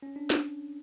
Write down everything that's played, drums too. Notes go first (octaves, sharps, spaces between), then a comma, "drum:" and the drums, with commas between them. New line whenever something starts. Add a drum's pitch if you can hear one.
C#4
D4
drum: snare